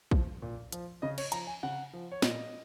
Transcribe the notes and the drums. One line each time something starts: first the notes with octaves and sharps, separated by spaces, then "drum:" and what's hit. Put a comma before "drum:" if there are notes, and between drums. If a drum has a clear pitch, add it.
F3, drum: kick
A#2
F3, drum: hi-hat
C#3 D#5
C#5, drum: cymbal
F3 A#5, drum: hi-hat
G#5
C#3 F#5
F3
C#5
A#2 D#5, drum: snare